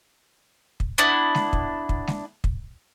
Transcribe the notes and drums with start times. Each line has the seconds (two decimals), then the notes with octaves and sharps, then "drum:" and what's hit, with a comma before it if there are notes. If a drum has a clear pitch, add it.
0.80 drum: kick
0.98 B3 D4 E4
1.35 drum: snare G#3
1.53 drum: kick
1.89 drum: kick
2.07 drum: snare G#3
2.44 drum: kick